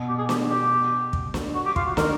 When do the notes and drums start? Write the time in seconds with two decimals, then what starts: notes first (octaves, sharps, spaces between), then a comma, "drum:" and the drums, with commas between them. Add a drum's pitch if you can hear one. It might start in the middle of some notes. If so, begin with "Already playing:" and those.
Already playing: B2
0.08 G4
0.18 G#4
0.29 G4, drum: snare
0.50 G4
1.13 drum: kick
1.34 drum: snare
1.55 F#4
1.65 G4
1.76 F4, drum: kick
1.86 F#4
1.97 D#3 A#4, drum: snare